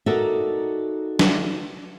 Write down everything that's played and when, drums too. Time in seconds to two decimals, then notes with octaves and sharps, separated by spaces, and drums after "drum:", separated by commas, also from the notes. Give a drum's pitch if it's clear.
0.06 D#4 F#4 A4 A#4 D5 E5
1.19 drum: snare